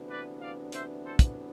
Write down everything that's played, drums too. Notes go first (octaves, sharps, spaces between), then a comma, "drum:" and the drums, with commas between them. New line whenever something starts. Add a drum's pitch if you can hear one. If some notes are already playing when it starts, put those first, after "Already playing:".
Already playing: D2 C3 E3 B3 D4
B4 D5
D5 F5
C5 E5, drum: hi-hat
A4 C5
drum: kick, hi-hat